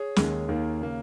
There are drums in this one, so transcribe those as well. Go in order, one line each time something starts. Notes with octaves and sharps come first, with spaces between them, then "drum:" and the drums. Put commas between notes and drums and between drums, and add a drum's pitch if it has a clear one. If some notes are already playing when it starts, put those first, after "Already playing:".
Already playing: G#4 C#5
D#2 D#3 G#3 C#4, drum: snare
D#2 D#3 A#3
C#3 A#3